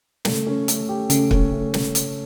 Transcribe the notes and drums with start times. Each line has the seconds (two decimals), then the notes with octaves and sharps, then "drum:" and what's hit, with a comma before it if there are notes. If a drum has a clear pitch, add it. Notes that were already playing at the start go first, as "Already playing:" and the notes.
0.25 C#3 A3, drum: snare
0.47 C#4
0.68 A3, drum: hi-hat
0.89 G4
1.10 C#3 A3, drum: hi-hat
1.31 C#4, drum: kick
1.52 A3
1.74 drum: snare
1.95 drum: hi-hat